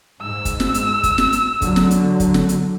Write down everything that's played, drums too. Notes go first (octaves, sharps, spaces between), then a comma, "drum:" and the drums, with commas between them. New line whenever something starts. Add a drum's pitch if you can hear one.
G#2 E6
drum: kick, hi-hat
drum: snare
drum: hi-hat
drum: kick, hi-hat
drum: snare
drum: hi-hat
D3 F#3, drum: kick, hi-hat
drum: snare
drum: hi-hat
drum: kick, hi-hat
drum: snare
drum: hi-hat